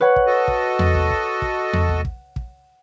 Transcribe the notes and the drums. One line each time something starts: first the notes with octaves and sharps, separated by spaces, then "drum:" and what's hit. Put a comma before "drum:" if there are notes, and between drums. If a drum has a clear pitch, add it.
B4 C#5 F#5
drum: kick
F#4 A4 D#5
drum: kick
drum: tom E2
drum: kick
drum: kick
drum: kick
drum: tom E2
drum: kick
drum: kick
drum: kick